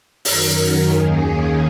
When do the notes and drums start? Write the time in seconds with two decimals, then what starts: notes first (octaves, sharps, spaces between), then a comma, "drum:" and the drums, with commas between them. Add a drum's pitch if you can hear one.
0.25 F#2 D#3 F#3 A#4, drum: open hi-hat
0.89 D#2 D#3 A#3 C#4 G#4